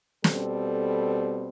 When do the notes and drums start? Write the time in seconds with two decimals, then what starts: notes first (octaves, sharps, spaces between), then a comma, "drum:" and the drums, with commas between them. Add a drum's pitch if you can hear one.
0.24 B2 G3 C4 A4, drum: snare